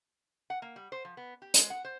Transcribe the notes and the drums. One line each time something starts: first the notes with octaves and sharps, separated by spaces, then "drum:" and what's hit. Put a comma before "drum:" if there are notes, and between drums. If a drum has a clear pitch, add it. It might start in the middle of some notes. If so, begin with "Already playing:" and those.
F#5
A#3
G3
C5
F3
B3
G4
G#3, drum: hi-hat
F#5
C5